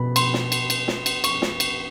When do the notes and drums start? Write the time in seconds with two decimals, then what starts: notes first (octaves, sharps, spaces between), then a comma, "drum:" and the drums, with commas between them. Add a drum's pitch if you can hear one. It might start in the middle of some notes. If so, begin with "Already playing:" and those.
Already playing: B2 B5
0.16 C6, drum: cymbal
0.34 drum: snare
0.52 drum: cymbal
0.70 drum: cymbal
0.88 drum: snare
1.06 drum: cymbal
1.24 C#6, drum: cymbal
1.42 drum: snare
1.60 drum: cymbal